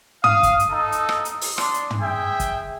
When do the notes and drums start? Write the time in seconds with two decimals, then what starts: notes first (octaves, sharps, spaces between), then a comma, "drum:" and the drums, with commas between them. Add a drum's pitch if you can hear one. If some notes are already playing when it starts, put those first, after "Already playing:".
0.24 F5 D#6, drum: tom
0.43 drum: kick, hi-hat
0.60 drum: hi-hat
0.71 D#4 A4
0.92 drum: hi-hat
1.09 drum: rim click
1.25 drum: hi-hat
1.41 drum: open hi-hat
1.58 D4 C6, drum: rim click
1.74 drum: hi-hat
1.90 drum: tom
2.01 G#4 E5 G5
2.40 drum: kick, hi-hat